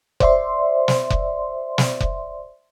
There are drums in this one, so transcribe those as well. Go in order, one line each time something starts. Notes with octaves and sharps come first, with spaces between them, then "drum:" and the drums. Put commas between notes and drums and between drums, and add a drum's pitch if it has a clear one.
C5 D5 E5 C6, drum: kick F1
drum: snare
drum: kick F1
drum: snare
drum: kick F1